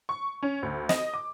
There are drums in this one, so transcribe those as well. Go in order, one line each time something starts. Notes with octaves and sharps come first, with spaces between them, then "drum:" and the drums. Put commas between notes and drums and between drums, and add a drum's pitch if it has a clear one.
C#6
C#4
D2
D#5, drum: snare
D6